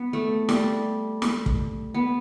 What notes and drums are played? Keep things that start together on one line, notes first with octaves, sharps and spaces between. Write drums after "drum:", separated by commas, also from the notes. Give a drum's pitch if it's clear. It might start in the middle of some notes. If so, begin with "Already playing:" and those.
Already playing: B3
A3
G3, drum: snare
drum: snare
drum: kick
B3